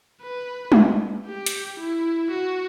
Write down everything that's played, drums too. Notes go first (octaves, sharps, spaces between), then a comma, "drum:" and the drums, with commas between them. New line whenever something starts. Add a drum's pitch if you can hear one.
B4
drum: tom G3
G4
drum: hi-hat
E4
F#4